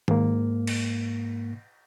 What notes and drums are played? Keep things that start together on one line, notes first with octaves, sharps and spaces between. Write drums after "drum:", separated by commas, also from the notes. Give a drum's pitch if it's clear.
G#2 A#3, drum: tom D#3
drum: cymbal